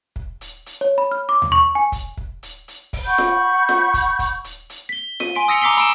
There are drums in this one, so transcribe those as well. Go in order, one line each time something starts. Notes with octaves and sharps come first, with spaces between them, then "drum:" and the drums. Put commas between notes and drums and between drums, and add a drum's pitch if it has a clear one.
drum: kick
drum: hi-hat
drum: hi-hat
C#5
B5
F6
D6
drum: tom D#2
C#6
G#5
drum: kick, hi-hat
drum: kick
drum: hi-hat
drum: hi-hat
drum: kick, open hi-hat
F#5 B5 C#6 G6
drum: snare F4
drum: snare F4
drum: kick, hi-hat
drum: kick, hi-hat
drum: hi-hat
drum: hi-hat
B6 G7
B6 D#7, drum: snare F4
G#5 C6 B6 D7
D#6 E6 A#6 B6 C#7 F7
A#5 D6 E6 B6 C7 G7
B5 E6 D7 E7